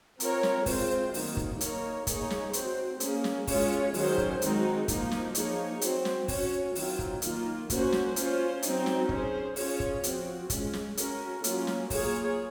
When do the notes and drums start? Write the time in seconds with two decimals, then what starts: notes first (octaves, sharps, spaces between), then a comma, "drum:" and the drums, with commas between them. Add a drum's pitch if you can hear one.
0.20 C4 F4 A#4 C#5, drum: hi-hat
0.43 drum: snare
0.66 G#3 C4 F4 C5, drum: kick, open hi-hat
1.14 D#3 F#3 A#3, drum: open hi-hat
1.37 drum: kick
1.61 A#3 D#4 A#4 C#5, drum: hi-hat
2.07 A#3 D#4 G#4 C#5, drum: kick, hi-hat
2.30 drum: snare
2.53 C4 F#4 C5, drum: hi-hat
3.00 A#3 C#4 G#4, drum: hi-hat
3.24 drum: snare
3.47 G#3 C#4 F4 G#4 C#5, drum: kick, open hi-hat
3.94 D#3 F#3 C#4 G#4 C5, drum: open hi-hat
4.18 drum: kick
4.42 D#3 G#3 C4 D#4 F#4, drum: hi-hat
4.88 F3 A#3 D#4, drum: kick, hi-hat
5.11 drum: snare
5.35 F3 A#3 D#4 G#4 C#5, drum: hi-hat
5.81 F#3 C4 F#4 C5, drum: hi-hat
6.05 drum: snare
6.28 C#4 F#4 C#5, drum: kick, open hi-hat
6.75 D#3 F#3 C4 F4, drum: open hi-hat
6.99 drum: kick
7.22 D#3 A#3 F4, drum: hi-hat
7.70 A#3 C#4 F#4 C5, drum: kick, hi-hat
7.92 drum: snare
8.16 C#4 F4 C5, drum: hi-hat
8.62 F#3 C4 D#4, drum: hi-hat
8.86 drum: snare
9.09 C#4 G#4 C5, drum: kick
9.56 C#4 F4 G#4 C#5, drum: open hi-hat
9.80 drum: kick
10.03 F3 C4 F#4, drum: hi-hat
10.50 G#3 C#4 F4, drum: kick, hi-hat
10.73 drum: snare
10.97 C#4 F#4 A#4, drum: hi-hat
11.44 F#3 A#3 C#4 F4, drum: hi-hat
11.67 drum: snare
11.90 A#3 F4 G#4 C#5, drum: kick, open hi-hat